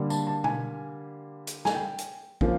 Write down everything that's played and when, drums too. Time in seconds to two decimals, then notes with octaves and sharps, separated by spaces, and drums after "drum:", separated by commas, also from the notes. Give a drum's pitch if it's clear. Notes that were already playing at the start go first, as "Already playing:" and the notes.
Already playing: D3 G3 A#3
0.10 A5, drum: tambourine
0.27 A5
0.44 G#5, drum: tom
1.47 drum: hi-hat
1.65 G#5, drum: snare
1.75 G5
1.98 drum: hi-hat
2.41 C#3 F3 A#3, drum: kick